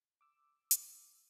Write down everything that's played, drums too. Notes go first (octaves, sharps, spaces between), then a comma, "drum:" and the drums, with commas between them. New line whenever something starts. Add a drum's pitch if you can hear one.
D6 E6
drum: hi-hat